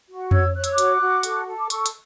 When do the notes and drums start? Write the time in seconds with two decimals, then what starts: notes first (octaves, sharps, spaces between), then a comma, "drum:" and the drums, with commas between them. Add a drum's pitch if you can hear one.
0.08 F#4
0.31 C#5 E6 G#6, drum: tom F2
0.55 C#5 F#6
0.64 E6, drum: hi-hat
0.72 D6 F#6
0.78 F#4, drum: hi-hat
1.01 F#4
1.23 A4, drum: hi-hat
1.48 A4
1.59 D6
1.70 A4 C#6 E6, drum: hi-hat
1.86 drum: hi-hat